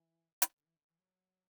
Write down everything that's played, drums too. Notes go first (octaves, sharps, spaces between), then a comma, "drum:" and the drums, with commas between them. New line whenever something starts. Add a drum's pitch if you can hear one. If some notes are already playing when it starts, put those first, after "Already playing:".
Already playing: E3
drum: hi-hat
D3
E3
D3
E3
F#3